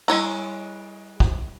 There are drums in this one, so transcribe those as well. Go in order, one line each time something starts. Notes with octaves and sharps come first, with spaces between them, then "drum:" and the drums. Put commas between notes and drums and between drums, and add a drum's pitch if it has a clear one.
G3 G#3 E4 C#5 A#5, drum: cymbal
drum: kick